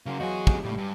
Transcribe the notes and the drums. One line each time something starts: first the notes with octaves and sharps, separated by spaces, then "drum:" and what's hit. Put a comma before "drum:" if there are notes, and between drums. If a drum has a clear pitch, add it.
C#3 F#3 A#3 F5 C6
E2 F#3 F#4 G#4 D#5 G6
G4 G#5 D6, drum: kick
A2 G3
G2